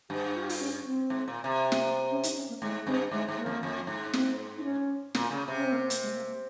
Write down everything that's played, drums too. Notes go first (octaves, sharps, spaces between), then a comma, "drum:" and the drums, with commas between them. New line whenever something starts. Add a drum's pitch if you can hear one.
G2 G4
F4
G4
F4, drum: open hi-hat
C#4
C4
G#2
A#2
C3
drum: snare
C#4
D#4, drum: hi-hat
C#4
A#3
G#2 G#3
G2 C4
G#2 G#3
G#2
A#3
F2
F2
G#2
C4, drum: snare
D#4
C#4
A#2, drum: snare
C#3
C3
C#4
C4
A#3
C4
A#3, drum: hi-hat
G#3
A#3